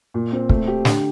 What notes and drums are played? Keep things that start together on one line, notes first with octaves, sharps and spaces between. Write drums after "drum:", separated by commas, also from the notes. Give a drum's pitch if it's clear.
A#2
C4
A3, drum: kick
G4
D3, drum: snare